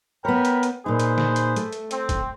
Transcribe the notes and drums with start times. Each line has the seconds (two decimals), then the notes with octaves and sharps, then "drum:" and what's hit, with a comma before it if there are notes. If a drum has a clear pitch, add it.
0.25 B3 A#4 C#5 G5 B5
0.45 drum: hi-hat
0.63 drum: hi-hat
0.86 A#2 D#4 G#4 B4 C5
0.99 drum: hi-hat
1.18 drum: snare
1.36 drum: hi-hat
1.56 A3, drum: hi-hat
1.73 drum: hi-hat
1.91 C4, drum: hi-hat
2.09 drum: kick G#1, hi-hat